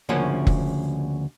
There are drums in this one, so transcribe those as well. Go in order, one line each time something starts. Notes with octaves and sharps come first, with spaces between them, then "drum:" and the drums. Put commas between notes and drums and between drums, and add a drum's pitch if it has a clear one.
D2 C#3 F3 A#3 C#4 F#5
drum: kick F1